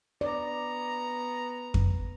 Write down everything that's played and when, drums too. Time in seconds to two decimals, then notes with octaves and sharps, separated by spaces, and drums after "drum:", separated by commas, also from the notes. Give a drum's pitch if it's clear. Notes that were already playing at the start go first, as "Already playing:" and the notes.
0.21 B3 D5 A#5
1.74 drum: kick F2